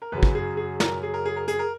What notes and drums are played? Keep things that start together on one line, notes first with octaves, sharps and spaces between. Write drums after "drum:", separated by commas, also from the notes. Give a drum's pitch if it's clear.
A#4
F#2 C#3 F#3 B4
drum: kick
G#4
G#4
A#4, drum: snare
G#4
A#4
G#4
A#4
G#4, drum: hi-hat
A#4